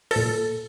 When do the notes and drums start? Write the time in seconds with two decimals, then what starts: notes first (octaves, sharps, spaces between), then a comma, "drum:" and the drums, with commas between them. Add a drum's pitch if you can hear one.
0.11 A#2 A4, drum: cymbal